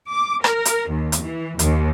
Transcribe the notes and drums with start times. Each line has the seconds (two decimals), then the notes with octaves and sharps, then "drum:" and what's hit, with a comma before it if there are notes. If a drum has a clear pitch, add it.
0.11 D6
0.44 A#4, drum: rim click
0.65 drum: hi-hat
0.90 D#2
1.12 drum: hi-hat
1.22 E3
1.59 D#2, drum: hi-hat